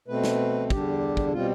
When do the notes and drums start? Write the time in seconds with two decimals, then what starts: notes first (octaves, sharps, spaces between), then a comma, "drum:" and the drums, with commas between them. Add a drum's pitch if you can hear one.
0.08 B2 A3 C4 B4
0.24 drum: snare
0.70 E2 D3 G3 D4 G4, drum: kick
1.17 drum: kick
1.33 B2 G3 C4 F4